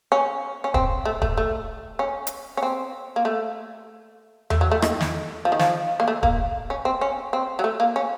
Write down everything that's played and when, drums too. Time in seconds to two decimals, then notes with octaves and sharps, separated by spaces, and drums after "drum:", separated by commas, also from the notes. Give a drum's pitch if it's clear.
0.12 C#4
0.64 C#4
0.74 C4, drum: kick
1.05 A3
1.22 A3, drum: kick
1.37 A3
1.99 C#4
2.27 drum: hi-hat
2.57 C#4
2.62 C4
3.16 A#3
3.25 A3
4.50 A3, drum: tom E2
4.61 F#3
4.71 A3
4.82 D#3, drum: rim click
5.00 drum: snare
5.45 F3
5.52 D#3
5.59 F3, drum: snare
6.00 A#3
6.08 A3
6.23 A#3, drum: kick
6.70 C#4
6.85 C4
7.01 C#4
7.33 C4
7.59 F#3
7.64 A3
7.80 A#3
7.96 C#4